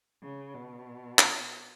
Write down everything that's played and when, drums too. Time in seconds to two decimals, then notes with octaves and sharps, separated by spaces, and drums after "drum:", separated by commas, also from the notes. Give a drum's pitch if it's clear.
0.22 C#3
0.55 B2
1.19 drum: clap